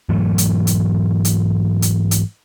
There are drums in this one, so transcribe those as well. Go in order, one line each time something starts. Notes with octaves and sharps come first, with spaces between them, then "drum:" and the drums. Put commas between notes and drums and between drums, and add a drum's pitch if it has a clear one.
G#2 E3 F#3 A3
drum: hi-hat
drum: hi-hat
drum: hi-hat
drum: hi-hat
drum: hi-hat